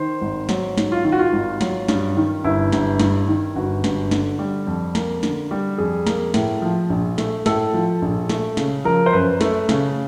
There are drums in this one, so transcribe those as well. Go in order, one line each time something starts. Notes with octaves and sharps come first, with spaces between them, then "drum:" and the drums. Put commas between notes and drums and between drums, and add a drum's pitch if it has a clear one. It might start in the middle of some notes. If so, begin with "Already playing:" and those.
Already playing: D#3 C5
G#1
F#3, drum: snare
G#2, drum: snare
F4
D#3 F4
F#4
F4
G#1
F#3, drum: snare
G2, drum: snare
D#3
G1 E4
G1, drum: snare
G2, drum: snare
D#3
G1 F#4
G1, drum: snare
D3, drum: snare
G3
F2
A#3, drum: snare
D3, drum: snare
G3
F2 G#4
A#3, drum: snare
A2, drum: snare
F3
A#1
A3, drum: snare
A2 A4, drum: snare
F3
A#1
A3, drum: snare
C#3, drum: snare
F3 A#4
C5
F#2 B4
A3, drum: snare
C#3, drum: snare